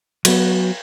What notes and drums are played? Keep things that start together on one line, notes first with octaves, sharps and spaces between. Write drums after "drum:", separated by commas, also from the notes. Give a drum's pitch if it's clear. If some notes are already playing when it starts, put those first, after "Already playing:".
F#3 B3, drum: cymbal